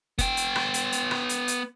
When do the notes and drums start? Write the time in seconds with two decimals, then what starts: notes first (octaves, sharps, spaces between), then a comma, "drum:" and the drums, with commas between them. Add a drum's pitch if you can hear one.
0.19 B3 G5, drum: kick F#1, hi-hat
0.37 drum: hi-hat
0.55 drum: rim click
0.74 drum: hi-hat
0.92 drum: hi-hat
1.11 drum: rim click
1.29 drum: hi-hat
1.48 drum: hi-hat